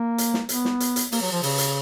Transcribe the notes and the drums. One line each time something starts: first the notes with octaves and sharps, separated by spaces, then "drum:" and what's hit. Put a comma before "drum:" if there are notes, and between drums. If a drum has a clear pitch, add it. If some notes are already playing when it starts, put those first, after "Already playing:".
Already playing: A#3
drum: hi-hat
drum: snare
B3, drum: hi-hat
drum: snare
drum: hi-hat
drum: hi-hat
A#3, drum: open hi-hat
F#3
F3
C#3, drum: open hi-hat
drum: hi-hat